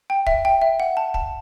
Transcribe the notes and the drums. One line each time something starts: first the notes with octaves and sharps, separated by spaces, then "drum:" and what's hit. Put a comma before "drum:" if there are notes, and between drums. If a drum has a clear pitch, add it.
G5
E5, drum: kick
G5
E5
F#5
A5
A5, drum: kick